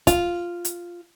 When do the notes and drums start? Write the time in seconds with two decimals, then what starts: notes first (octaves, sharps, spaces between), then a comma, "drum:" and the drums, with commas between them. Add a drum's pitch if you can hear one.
0.07 F4, drum: kick, hi-hat
0.65 drum: hi-hat